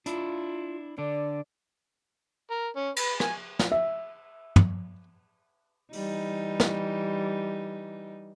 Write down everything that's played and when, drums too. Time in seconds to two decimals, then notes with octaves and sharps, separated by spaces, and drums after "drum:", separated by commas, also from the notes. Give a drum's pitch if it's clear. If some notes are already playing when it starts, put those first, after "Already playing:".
0.06 D4 E4 F4, drum: hi-hat
0.98 D3 D4 D5
2.51 A#4
2.76 C#4
2.96 B4, drum: cymbal
3.20 G#5, drum: rim click
3.59 drum: snare
3.72 E5
4.56 drum: tom
5.93 E3 G3 D#4, drum: open hi-hat
6.60 drum: snare